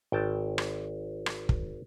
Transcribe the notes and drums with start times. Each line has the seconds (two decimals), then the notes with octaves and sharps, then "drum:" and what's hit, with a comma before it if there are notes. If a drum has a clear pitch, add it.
0.12 G#1 G5 A5
0.58 drum: rim click
1.26 drum: rim click
1.49 drum: kick